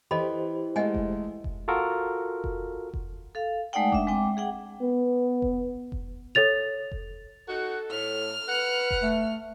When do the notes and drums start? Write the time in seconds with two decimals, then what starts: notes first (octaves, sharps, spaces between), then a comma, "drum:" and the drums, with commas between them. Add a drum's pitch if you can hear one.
0.11 E3 G4 A4 C5 D#5 B5
0.76 G#3 A3 D#5 F#5 G#5
0.95 drum: kick F1
1.44 drum: kick F1
1.68 F4 F#4 A4 A#4
2.44 drum: kick F1
2.94 drum: kick F1
3.35 A4 F5
3.73 G#3 A3 D#4 D5 F#5 G5
3.92 D4 E5, drum: kick F1
4.07 G#3 C4 G5 D6
4.37 G#4 F#5 G5
4.81 B3
5.42 drum: kick F1
5.92 drum: kick F1
6.35 A4 C#5 A6 F7
6.92 drum: kick F1
7.49 D#4 F#4 A4
7.91 A2 F6
8.49 B4 F#5
8.91 drum: kick F1
9.03 A3